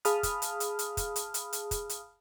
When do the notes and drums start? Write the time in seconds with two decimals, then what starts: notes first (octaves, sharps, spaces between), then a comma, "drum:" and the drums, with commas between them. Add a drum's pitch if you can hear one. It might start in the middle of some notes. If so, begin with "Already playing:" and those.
0.05 G#4 F5 A5 B5 D#6 F6, drum: hi-hat
0.23 drum: kick, hi-hat
0.42 drum: hi-hat
0.60 drum: hi-hat
0.79 drum: hi-hat
0.97 drum: kick, hi-hat
1.16 drum: hi-hat
1.34 drum: hi-hat
1.53 drum: hi-hat
1.71 drum: kick, hi-hat
1.89 drum: hi-hat